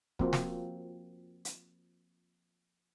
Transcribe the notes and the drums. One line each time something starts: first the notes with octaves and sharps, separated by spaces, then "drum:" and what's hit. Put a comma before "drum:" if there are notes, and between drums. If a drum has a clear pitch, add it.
F3 A#3 C4 F#4, drum: kick
drum: snare
drum: hi-hat